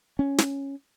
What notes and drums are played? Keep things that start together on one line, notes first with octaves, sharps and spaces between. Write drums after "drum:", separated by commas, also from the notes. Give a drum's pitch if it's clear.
C#4
drum: snare